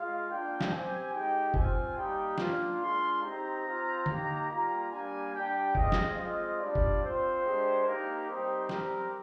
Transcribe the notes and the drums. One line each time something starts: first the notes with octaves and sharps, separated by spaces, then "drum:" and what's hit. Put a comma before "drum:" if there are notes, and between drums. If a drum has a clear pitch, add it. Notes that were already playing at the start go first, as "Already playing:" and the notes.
Already playing: G#3 F4 F5
A#3 D4 F4 G5
drum: snare
C4 G4 G#5
G#3 D#4 G4 G5
C4 F4 G#5, drum: kick F#1
G3 A#3 D#4 G4 G5
A#3 D4 F4, drum: snare
G#3 D4 F4 C6
C4 D#4 G4 A#5
C4 F4
A#3 D#4 G4, drum: tom D3
G3 A#3 F4 A#5
G3 A#3 D4 G#5
G3 D4 G4 G5
G#3 C4 F4 D#5, drum: kick F#1
drum: snare
G#3 C4 F4 D#5
G3 D4 F4 D5
drum: kick F#1
C4 F4 C5
G#3 D4 G4
A#3 D#4 G4 A#4
G3 C4 D#4 G4 C5
G3 C4 G4 A#4, drum: snare